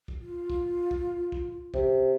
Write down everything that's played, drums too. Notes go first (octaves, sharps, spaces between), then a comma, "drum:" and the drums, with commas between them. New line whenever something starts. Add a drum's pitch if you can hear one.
drum: kick
F4
drum: kick
drum: kick
drum: kick
C3, drum: kick